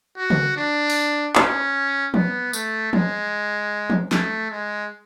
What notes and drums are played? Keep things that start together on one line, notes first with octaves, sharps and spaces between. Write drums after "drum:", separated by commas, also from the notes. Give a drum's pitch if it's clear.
F#4
drum: tom C#3
D4
drum: open hi-hat
C#4, drum: clap
B3, drum: tom E3
A3, drum: tambourine
G#3, drum: tom E3
drum: tom E3
A3, drum: snare
G#3